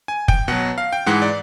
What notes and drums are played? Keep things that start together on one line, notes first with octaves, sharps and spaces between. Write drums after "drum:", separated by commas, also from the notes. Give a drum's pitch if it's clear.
G#5
G5, drum: kick
B2 F#3 F#5
F5
G5
G#2 E3 G#3 F#5
D5